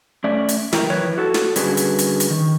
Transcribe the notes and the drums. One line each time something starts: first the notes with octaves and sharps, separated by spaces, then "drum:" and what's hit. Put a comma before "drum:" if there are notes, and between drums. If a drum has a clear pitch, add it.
A3 C#4 D5 E5
drum: hi-hat
E3 E4 A#4 G5 A#5, drum: snare
E4 B4 C#5, drum: tom F3
F#4 A4
drum: snare
D3 G3 C#4 F#4 G#4 B4, drum: hi-hat
drum: hi-hat
drum: hi-hat
drum: hi-hat
D#3